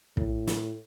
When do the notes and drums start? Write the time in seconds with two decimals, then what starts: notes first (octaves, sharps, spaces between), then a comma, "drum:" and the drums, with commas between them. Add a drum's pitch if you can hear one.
0.17 A2, drum: kick
0.47 drum: snare